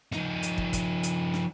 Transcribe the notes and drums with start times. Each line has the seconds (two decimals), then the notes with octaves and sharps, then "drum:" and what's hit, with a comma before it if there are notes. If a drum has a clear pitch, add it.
0.12 F3 D#4, drum: snare
0.43 drum: hi-hat
0.58 drum: kick
0.73 drum: kick, hi-hat
1.03 drum: hi-hat
1.34 drum: snare